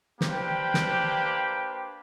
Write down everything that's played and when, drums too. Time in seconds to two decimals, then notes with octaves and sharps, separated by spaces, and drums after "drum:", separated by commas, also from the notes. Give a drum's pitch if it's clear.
0.21 A#3 D4 G4 B4 C5 G5, drum: snare
0.74 drum: snare